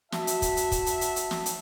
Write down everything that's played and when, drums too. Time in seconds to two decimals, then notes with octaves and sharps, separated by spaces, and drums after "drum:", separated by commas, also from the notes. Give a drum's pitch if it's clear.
0.12 F#4 E5 A5, drum: snare
0.27 drum: hi-hat
0.42 drum: kick, hi-hat
0.57 drum: hi-hat
0.72 drum: kick, hi-hat
0.86 drum: hi-hat
1.01 drum: hi-hat
1.16 drum: hi-hat
1.31 drum: snare
1.46 drum: hi-hat